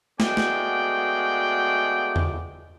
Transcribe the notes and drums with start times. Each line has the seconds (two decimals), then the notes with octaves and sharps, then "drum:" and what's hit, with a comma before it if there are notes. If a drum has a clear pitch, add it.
0.20 G#3 A3 B3 F#4 D5 G5, drum: snare
0.37 drum: snare
2.16 drum: tom E2